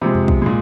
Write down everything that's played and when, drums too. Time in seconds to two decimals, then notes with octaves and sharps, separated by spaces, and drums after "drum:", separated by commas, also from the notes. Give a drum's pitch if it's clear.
0.02 C3 F3 G#3
0.15 drum: tom E2
0.28 drum: kick B1
0.42 A#2 G#3